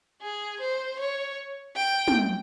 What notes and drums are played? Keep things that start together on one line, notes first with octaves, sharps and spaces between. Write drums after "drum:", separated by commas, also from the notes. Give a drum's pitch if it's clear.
G#4
C5
C#5
G5
drum: tom